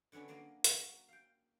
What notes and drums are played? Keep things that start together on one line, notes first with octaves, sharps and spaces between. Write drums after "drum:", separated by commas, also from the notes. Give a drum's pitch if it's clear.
D3 F#3 B3 C#4 D4
F#3 A#3 D5 D#5 F5
F#4 A#5, drum: hi-hat
F5 G5